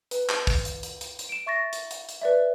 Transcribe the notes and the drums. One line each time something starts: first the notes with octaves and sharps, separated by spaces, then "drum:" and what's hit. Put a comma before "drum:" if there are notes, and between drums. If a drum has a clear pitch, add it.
B4, drum: hi-hat
drum: clap
drum: kick, open hi-hat
drum: hi-hat
drum: hi-hat
drum: hi-hat
drum: hi-hat
D7 E7
E5 C#6 A6 A#6
drum: hi-hat
drum: hi-hat
drum: hi-hat
B4 D5 E5